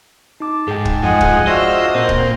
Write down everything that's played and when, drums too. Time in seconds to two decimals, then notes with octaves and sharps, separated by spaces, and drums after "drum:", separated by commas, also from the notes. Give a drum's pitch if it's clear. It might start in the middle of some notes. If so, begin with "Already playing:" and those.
0.40 D#4 A5 D6
0.68 G#2 G#4 G5
0.85 drum: kick
1.03 F2 G#3 D#5 F#5 G#5
1.21 drum: kick
1.47 D4 F4 F#4 C5 D#5 E5
1.95 A#2 C4 C5
2.09 drum: kick